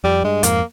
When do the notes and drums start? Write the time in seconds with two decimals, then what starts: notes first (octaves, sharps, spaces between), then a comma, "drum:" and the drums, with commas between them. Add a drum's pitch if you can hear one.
0.04 F2 G3
0.24 G2 G#3
0.43 F2 G#2 A#3, drum: hi-hat